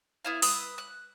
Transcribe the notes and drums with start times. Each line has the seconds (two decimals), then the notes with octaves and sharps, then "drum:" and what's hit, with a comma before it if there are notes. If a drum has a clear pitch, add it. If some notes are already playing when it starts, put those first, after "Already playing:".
0.25 B3 E4 F5
0.42 B4 D#6 E6, drum: open hi-hat
0.78 F#6